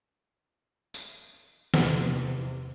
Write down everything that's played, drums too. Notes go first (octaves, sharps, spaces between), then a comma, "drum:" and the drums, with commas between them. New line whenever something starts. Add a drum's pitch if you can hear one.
drum: tambourine
E2 C3, drum: snare